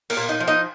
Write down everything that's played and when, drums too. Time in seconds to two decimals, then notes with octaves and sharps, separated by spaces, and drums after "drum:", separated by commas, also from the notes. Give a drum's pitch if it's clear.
0.10 A#3 A#4, drum: cymbal
0.17 A#2
0.29 D#4 D#5
0.40 F3
0.47 D#4 D#5